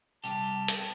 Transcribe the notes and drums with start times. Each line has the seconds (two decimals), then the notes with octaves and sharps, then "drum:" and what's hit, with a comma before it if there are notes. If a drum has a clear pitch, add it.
0.24 C3 G3 G4 A5
0.68 drum: hi-hat